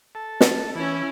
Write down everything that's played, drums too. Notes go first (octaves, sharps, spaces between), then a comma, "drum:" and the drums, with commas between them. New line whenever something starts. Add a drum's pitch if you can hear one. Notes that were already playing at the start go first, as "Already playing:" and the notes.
A4
drum: snare
E3 C#4 E4